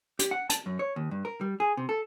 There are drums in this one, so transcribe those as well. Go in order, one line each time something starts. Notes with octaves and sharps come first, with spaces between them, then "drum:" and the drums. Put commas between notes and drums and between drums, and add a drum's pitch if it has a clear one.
G4, drum: hi-hat
F#5
A5, drum: hi-hat
F#2
C#5
D#2
G2
A#4
G3
G#4
C3
A4